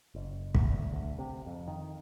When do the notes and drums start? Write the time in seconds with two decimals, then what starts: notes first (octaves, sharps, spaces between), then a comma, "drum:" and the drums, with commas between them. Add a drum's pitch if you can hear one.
0.15 F#1
0.55 E2, drum: kick
0.70 D2
0.92 D2
1.19 C3
1.46 F2
1.68 D#3